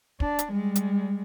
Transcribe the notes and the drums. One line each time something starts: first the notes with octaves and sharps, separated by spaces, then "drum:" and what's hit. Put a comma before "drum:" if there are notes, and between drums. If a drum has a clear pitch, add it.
D4, drum: kick
drum: hi-hat
G3 G#3
drum: hi-hat